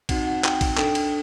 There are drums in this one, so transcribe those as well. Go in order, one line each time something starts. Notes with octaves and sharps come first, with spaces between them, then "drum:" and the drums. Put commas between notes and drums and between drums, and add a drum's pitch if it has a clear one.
C4 D#4 F#4 F#5, drum: kick A#1, cymbal
F#5
G5, drum: clap
drum: kick A#1, cymbal
D4 A4 G5, drum: clap
drum: cymbal